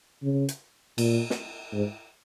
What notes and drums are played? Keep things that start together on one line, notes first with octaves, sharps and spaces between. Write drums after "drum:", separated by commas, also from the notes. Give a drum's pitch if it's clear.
C#3
drum: hi-hat
A#2, drum: cymbal
drum: snare
G#2